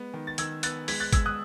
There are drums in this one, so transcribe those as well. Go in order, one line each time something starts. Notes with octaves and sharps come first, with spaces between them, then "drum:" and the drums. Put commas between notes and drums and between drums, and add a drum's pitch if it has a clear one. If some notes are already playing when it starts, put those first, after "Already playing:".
Already playing: G#3 B3
D#3
A6
D#3 E6 G#6, drum: hi-hat
B3 F#6 A6, drum: hi-hat
G#3 G#6 B6, drum: open hi-hat
F#6 A6
G#3 E6 G#6, drum: kick, hi-hat
D#6 F#6